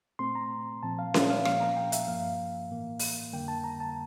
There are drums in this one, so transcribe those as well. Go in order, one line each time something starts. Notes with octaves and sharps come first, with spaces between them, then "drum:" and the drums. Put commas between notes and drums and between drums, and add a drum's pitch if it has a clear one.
A#2 A3 C4 C6
A#5
A#2 F3 C4 A5
F5
E5, drum: snare C#4
F5
A#2 F3 A#3 F5, drum: rim click
A#5
G5
E5, drum: hi-hat
G2 F3 A#3 F5
A2 E3 A#3
drum: open hi-hat
F2 D3 G3 A#3 G5
A5
A#5
A5